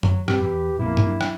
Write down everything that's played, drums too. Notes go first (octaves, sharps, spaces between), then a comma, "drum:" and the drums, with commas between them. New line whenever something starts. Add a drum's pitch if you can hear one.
F#3, drum: tom F#2
G2 A#3 C4 G4 B4, drum: rim click
E2 G4
A#1 F2 A#3 B3 E4
drum: tom G2
F#3 D4
drum: rim click